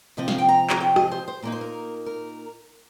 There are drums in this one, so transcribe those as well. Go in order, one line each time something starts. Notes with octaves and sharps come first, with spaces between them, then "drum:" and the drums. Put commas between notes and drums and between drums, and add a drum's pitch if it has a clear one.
C3 F3 C4 D#5
F5, drum: snare
G5
A#5
A#5, drum: clap
G5
D#5, drum: rim click
C5
C5
A#2 A#3 D#4 A#4
C5
A#4
A#4